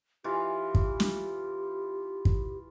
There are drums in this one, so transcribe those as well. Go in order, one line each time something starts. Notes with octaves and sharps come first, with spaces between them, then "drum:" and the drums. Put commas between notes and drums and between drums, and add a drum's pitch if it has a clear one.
E3 F4 G4
drum: kick
drum: snare
drum: kick